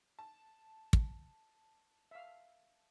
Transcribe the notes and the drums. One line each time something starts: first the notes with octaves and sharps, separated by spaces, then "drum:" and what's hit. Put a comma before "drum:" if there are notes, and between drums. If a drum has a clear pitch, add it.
A5
drum: kick
E5 F5